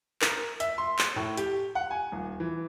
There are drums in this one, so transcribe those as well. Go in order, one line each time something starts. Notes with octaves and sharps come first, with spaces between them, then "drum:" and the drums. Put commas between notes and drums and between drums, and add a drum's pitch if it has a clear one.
A#4, drum: clap
E5, drum: hi-hat
C6
drum: clap
A2
G4, drum: hi-hat
F#5
G#5
D#1
E3